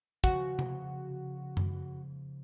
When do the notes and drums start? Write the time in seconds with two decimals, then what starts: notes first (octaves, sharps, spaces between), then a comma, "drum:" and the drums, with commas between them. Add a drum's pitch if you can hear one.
0.24 C#3 F3 F#4, drum: kick
0.59 drum: tom C3
1.57 drum: tom F#2